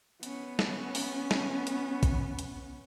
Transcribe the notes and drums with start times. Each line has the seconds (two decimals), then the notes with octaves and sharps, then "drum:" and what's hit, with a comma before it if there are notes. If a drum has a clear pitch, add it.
0.23 B3 C#4, drum: hi-hat
0.59 drum: snare
0.95 drum: open hi-hat
1.31 drum: snare
1.67 drum: hi-hat
2.03 drum: kick, hi-hat
2.39 drum: hi-hat